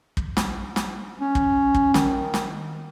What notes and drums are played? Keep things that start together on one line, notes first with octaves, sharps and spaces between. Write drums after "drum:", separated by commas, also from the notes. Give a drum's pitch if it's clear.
drum: kick
drum: snare
drum: snare
C#4
drum: kick
drum: kick
D#3, drum: snare
drum: snare